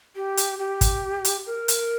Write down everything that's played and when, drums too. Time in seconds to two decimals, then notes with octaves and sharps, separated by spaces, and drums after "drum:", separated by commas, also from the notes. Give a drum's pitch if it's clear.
0.16 G4
0.37 drum: hi-hat
0.59 G4
0.81 drum: kick, hi-hat
1.25 drum: hi-hat
1.47 A#4
1.68 drum: hi-hat